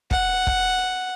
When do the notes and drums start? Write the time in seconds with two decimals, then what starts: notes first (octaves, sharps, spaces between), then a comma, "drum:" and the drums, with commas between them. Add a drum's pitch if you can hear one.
0.11 F#5, drum: kick
0.47 drum: kick